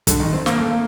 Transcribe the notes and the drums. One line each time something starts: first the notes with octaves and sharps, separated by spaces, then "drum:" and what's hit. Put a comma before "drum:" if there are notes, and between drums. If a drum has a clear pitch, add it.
D3, drum: kick, hi-hat
D#3
C4
A#3, drum: snare
A3
A#3